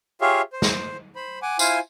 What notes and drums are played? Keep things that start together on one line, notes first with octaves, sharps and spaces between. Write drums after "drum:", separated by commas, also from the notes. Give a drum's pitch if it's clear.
F4 G4 G#4 C#5 E5 F5
C5
drum: snare
C5 B5
F#5 G#5 D6
E4 F4 C5 F5 G#5, drum: tambourine